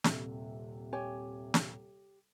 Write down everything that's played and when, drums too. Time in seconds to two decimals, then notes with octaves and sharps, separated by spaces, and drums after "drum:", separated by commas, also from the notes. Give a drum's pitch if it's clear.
0.04 D#1 C3, drum: snare
0.93 G4 C#5 G#5
1.54 drum: snare